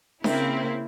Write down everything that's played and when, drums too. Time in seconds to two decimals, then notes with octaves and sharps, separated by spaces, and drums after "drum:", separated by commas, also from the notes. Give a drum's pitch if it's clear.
0.24 C#3 A#3 C4 E4, drum: snare D4